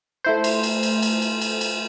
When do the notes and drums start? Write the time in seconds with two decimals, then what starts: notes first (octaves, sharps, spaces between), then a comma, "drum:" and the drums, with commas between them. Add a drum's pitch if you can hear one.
0.24 A3 E4 C5
0.44 drum: cymbal
0.63 drum: cymbal
0.83 drum: cymbal
1.02 drum: cymbal
1.22 drum: cymbal
1.41 drum: cymbal
1.61 drum: cymbal